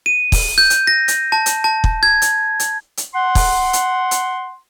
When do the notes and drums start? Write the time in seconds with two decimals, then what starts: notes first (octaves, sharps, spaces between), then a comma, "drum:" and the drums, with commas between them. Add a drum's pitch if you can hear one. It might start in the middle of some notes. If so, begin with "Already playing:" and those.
0.06 D#7
0.32 drum: kick, open hi-hat
0.58 G6
0.70 drum: hi-hat
0.87 A#6
1.08 drum: hi-hat
1.32 A5
1.46 drum: hi-hat
1.64 A5
1.84 drum: kick
2.03 G#6
2.22 drum: hi-hat
2.60 drum: hi-hat
2.97 drum: hi-hat
3.14 F#5 C6
3.35 drum: kick, open hi-hat
3.73 drum: hi-hat
4.11 drum: hi-hat